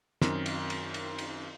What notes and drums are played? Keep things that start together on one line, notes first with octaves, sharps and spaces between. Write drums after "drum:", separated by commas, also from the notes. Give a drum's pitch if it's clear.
F#2 D#3 C4, drum: snare
drum: cymbal
drum: cymbal
drum: cymbal
drum: cymbal